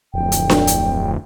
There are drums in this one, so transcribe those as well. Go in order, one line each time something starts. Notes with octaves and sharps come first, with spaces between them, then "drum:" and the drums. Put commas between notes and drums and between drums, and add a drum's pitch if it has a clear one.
D1 F2 G5
drum: hi-hat
drum: snare D4
drum: hi-hat